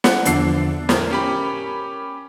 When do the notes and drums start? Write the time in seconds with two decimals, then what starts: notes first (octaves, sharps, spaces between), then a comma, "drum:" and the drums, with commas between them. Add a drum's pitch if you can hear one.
0.04 F#5, drum: snare
0.25 E2 D3 F3 D4 A4 C7, drum: hi-hat
0.89 A2 A#4, drum: snare
1.11 C#4 G4 B5